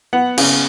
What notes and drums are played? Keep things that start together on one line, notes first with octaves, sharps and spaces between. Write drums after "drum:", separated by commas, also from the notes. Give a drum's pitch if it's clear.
B3 F#5
C#3, drum: cymbal